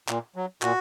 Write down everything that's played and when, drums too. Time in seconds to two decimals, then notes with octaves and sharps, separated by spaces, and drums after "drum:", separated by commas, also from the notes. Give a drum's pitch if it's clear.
0.09 A#2, drum: clap
0.36 F#3
0.62 A#2 F#4, drum: clap